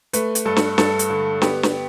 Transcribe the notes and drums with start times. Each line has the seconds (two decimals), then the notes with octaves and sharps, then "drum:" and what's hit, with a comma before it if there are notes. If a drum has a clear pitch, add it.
0.13 A3 B4, drum: hi-hat
0.35 drum: hi-hat
0.45 G2 A4
0.56 drum: snare
0.78 G2 A4, drum: snare
0.99 drum: hi-hat
1.10 D3
1.42 B3 G4, drum: snare
1.63 drum: snare